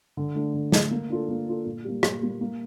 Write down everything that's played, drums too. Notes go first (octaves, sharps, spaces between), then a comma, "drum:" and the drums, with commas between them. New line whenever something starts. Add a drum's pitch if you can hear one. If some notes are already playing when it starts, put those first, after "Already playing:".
D3
A3 D4
D3
A3 D4, drum: snare
A#3
D4 F4 A4
A#3
D4 F4 A4
A#2
G3 A#3
A#2, drum: rim click
G3 A#3
A#3